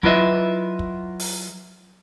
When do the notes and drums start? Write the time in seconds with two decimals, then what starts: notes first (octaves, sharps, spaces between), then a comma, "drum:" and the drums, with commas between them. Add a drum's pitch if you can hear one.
0.03 F#3 E4 F4 B4 D#5 E5, drum: kick
0.79 drum: kick
1.19 drum: open hi-hat